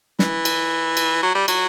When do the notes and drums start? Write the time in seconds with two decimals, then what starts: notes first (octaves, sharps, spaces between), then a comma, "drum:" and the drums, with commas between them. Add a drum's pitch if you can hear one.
0.19 E3, drum: snare
0.45 drum: cymbal
0.97 drum: cymbal
1.23 F#3
1.35 G3
1.48 F#3, drum: cymbal